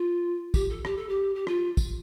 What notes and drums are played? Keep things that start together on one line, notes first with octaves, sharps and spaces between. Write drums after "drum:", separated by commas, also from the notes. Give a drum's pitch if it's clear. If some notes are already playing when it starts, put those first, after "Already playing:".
Already playing: F4
G4, drum: kick, tambourine
A4
G4, drum: rim click
A4
G4
G4
F4, drum: rim click
drum: kick, tambourine